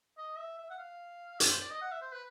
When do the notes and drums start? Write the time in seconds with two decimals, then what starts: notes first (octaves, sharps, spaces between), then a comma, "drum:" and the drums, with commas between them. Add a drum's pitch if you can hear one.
0.18 D#5
0.38 E5
0.58 E5
0.70 F#5
0.78 F5
1.40 C#5, drum: hi-hat
1.50 C5
1.60 D5
1.70 D#5
1.81 F#5
1.92 E5
2.01 C5
2.12 B4